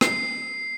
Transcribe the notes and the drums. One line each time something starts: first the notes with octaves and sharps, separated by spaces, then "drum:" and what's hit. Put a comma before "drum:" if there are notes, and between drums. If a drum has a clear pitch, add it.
C7, drum: rim click